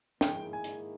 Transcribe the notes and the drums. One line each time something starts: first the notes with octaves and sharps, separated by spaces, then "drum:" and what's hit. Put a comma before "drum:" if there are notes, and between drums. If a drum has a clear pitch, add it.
G#2 D#3 A#3 E4 G#4 G5, drum: snare
G#5
drum: hi-hat